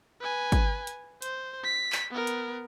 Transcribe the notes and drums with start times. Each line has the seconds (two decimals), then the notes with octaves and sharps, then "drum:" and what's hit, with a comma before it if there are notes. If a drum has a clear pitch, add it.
0.21 B4 G#5
0.52 drum: kick, hi-hat
0.87 drum: hi-hat
1.22 C5, drum: hi-hat
1.64 B6
1.92 drum: clap
2.10 B3 A#4
2.27 drum: hi-hat